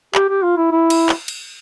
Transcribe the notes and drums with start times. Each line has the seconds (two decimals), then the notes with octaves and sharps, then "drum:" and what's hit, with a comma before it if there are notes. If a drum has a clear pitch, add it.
0.15 G4, drum: clap
0.29 G4
0.43 F4
0.57 E4
0.72 E4
0.90 drum: cymbal
1.09 drum: clap
1.28 drum: cymbal